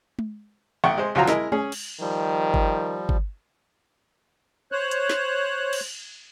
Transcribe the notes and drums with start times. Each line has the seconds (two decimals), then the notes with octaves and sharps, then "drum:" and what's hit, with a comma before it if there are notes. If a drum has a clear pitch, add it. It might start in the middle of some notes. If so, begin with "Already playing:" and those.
0.19 drum: tom G#3
0.84 A1 F#5 G5 C#6
0.98 G#3 C5
1.15 C#2 F3 F#3 F#4 F5 A#5
1.27 G#3 E4 A#4 D#5, drum: snare
1.52 C#4 G#4, drum: tom G#3
1.72 drum: cymbal
2.01 D#3 F3 G3
2.54 drum: kick G1
3.09 drum: kick G1
4.72 C5 C#5 F#6
4.91 drum: hi-hat
5.09 drum: snare
5.73 drum: cymbal